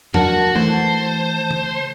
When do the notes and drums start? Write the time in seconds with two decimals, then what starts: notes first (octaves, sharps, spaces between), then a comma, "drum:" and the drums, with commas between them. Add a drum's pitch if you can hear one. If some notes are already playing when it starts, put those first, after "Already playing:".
0.14 F3 F#3 A#3 D4 F#4 A5, drum: tom E2
0.56 E3 A3 C5
1.51 drum: tom C#3